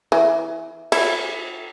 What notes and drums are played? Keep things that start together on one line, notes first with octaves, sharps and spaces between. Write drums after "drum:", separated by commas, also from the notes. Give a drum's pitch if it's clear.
E3
E4, drum: cymbal